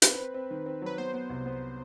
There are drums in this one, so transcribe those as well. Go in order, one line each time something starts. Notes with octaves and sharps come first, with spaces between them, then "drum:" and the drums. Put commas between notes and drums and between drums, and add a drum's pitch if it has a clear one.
C4 B4, drum: hi-hat
C4
C4
D#3
C4
F#3 B4
B3 C5
B3
C2
B3